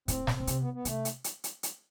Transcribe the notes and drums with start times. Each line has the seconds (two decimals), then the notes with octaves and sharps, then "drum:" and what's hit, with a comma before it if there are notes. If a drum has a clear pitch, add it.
0.08 A2 C4, drum: kick, hi-hat
0.27 B2, drum: snare
0.34 C4
0.40 B2
0.47 C3, drum: hi-hat
0.60 B3
0.74 B3
0.85 C3 A3, drum: hi-hat
1.05 drum: hi-hat
1.24 drum: hi-hat
1.44 drum: hi-hat
1.63 drum: hi-hat